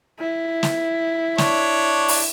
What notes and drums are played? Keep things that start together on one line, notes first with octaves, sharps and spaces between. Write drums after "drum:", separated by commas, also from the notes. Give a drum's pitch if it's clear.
E4
drum: snare
D4 C#5, drum: snare
drum: open hi-hat